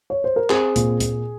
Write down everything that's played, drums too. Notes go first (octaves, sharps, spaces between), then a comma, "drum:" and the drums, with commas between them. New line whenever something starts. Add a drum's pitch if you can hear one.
C#5
C5
A#4
C4 G#4, drum: clap
A#2, drum: hi-hat
A#2, drum: hi-hat